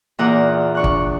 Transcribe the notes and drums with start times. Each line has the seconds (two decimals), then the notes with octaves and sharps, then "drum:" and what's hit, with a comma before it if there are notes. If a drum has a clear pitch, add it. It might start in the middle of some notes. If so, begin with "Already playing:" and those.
0.19 E2 A#2 D4 F4 F#5 A#5
0.75 D4 C#6 F#6
0.84 drum: kick G1